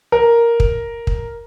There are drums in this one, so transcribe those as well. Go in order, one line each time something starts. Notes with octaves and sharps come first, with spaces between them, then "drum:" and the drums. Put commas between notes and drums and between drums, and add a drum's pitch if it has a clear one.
A#4
drum: kick
drum: kick